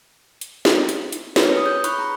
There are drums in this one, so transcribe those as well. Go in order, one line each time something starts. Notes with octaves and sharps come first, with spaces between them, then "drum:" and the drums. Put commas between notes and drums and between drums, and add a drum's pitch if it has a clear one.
drum: hi-hat
drum: snare
drum: hi-hat
drum: hi-hat
B4 C#5, drum: snare
G#4 D#6
G6
B5 C#6 F#6, drum: hi-hat
A#5